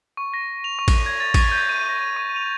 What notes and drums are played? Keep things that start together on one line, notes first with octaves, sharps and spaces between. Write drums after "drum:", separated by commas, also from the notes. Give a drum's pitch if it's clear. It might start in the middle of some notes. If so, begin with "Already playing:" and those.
C#6
A#6
F7
C#6
drum: kick A1, cymbal
G#6
A6
C#6, drum: kick A1, cymbal
G6
D#7
A#6
C#6
F7